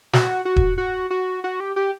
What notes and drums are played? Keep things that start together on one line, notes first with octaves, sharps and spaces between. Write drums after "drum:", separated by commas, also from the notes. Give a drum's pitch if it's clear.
F#4, drum: snare
F#4
drum: kick D#1
F#4
F#4
F#4
G4
G4